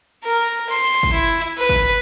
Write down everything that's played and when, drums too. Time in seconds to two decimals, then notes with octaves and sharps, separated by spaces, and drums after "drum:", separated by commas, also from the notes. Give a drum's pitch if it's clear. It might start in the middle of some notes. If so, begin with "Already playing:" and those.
0.24 A#4
0.69 C6
1.03 drum: kick
1.13 E4
1.58 B4
1.69 drum: kick